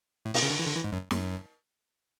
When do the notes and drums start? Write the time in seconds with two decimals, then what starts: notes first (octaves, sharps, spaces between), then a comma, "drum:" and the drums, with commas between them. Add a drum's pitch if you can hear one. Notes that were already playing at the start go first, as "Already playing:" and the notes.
0.25 A2
0.34 B2, drum: open hi-hat
0.43 C#3
0.50 D3
0.59 E3
0.67 D3
0.76 E3
0.84 G#2
0.93 F#2
1.11 F#2, drum: snare